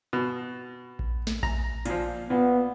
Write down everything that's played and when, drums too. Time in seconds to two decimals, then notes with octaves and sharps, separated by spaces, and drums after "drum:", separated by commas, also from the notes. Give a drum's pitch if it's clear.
0.13 B2
0.99 drum: kick A#1
1.27 drum: snare
1.43 A#5, drum: kick A#1
1.85 A#2 F3, drum: hi-hat
2.30 A#2 B3